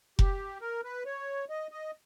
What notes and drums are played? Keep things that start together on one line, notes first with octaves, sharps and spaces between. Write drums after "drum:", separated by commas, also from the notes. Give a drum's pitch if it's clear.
G4, drum: kick F1
A#4
B4
C#5
D#5
D#5